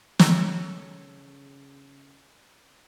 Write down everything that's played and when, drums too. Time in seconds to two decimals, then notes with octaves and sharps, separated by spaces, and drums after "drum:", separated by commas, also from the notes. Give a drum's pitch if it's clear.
0.19 C#3 A4 C#5, drum: snare